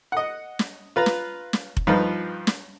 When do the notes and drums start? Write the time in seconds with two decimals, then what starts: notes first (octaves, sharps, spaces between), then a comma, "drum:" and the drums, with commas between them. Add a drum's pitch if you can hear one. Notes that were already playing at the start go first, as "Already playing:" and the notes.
0.12 D#5 F#5
0.59 drum: snare
0.96 F4 B4 A#5
1.06 drum: snare
1.53 drum: snare
1.77 drum: kick F1
1.87 G2 F3 D#4 F4 B4
2.47 drum: snare